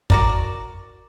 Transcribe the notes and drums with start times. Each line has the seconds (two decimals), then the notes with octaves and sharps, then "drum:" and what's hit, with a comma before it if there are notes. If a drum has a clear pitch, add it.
0.10 F#4 A#4 D5, drum: kick